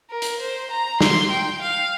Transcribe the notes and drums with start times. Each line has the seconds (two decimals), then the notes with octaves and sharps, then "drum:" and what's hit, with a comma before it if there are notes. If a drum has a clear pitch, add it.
0.10 A#4
0.22 drum: hi-hat
0.40 C5
0.71 A#5
1.01 C6, drum: snare
1.31 G5
1.61 F5